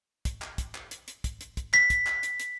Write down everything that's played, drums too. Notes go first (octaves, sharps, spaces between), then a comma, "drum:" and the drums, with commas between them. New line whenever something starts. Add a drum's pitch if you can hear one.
drum: kick, hi-hat
drum: clap
drum: kick, hi-hat
drum: clap
drum: hi-hat
drum: hi-hat
drum: kick, hi-hat
drum: hi-hat
drum: kick, hi-hat
B6, drum: clap
drum: kick, hi-hat
drum: clap
drum: hi-hat
drum: hi-hat